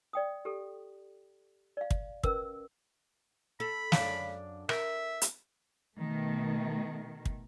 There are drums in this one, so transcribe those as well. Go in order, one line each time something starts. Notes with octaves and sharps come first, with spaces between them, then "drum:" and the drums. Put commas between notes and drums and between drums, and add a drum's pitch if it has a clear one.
D5 G5 D#6
G4 A4
D5 F5
drum: kick
C#4 A#4 B4 E6, drum: kick
A4 B5
F#2 D4 F5, drum: snare
A#4 E5, drum: rim click
drum: hi-hat
B2 D#3 A3
drum: kick